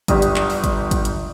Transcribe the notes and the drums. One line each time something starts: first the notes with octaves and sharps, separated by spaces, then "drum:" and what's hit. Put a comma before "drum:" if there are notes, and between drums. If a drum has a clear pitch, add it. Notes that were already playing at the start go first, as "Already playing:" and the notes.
G1 G3 D#6, drum: kick G#1, hi-hat
drum: hi-hat
drum: clap
drum: open hi-hat
drum: kick G#1, hi-hat
drum: kick G#1, hi-hat
drum: hi-hat